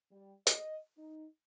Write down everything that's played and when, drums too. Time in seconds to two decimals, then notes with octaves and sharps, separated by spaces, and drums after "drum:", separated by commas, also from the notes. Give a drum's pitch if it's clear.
0.11 G3
0.47 D#5, drum: hi-hat
0.97 D#4